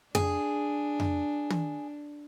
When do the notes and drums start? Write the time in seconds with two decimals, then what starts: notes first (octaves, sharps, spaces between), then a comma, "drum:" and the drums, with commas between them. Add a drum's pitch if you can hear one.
0.15 D4 G#4, drum: tom F2
1.00 drum: tom F2
1.50 drum: tom